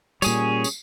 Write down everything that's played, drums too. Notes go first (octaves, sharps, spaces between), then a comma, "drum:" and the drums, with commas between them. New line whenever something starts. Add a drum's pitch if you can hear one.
A#2 G3 C#4 G#4 C#5, drum: tambourine
drum: tambourine